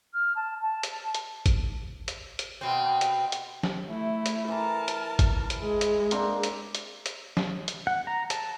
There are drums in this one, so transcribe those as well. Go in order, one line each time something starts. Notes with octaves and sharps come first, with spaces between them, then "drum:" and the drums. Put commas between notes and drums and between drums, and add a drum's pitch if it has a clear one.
F6
A5
A5
drum: hi-hat
drum: hi-hat
drum: kick G#1, hi-hat
drum: hi-hat
drum: hi-hat
B2 C4
drum: hi-hat
drum: hi-hat
drum: snare
A3 E4
drum: hi-hat
E3 A#4 A5 A#5
drum: hi-hat
drum: kick G#1, hi-hat
drum: hi-hat
G#3
drum: hi-hat
A#3 C4 D4, drum: hi-hat
drum: hi-hat
drum: hi-hat
drum: hi-hat
drum: snare
drum: hi-hat
F#5
A#5
A5, drum: hi-hat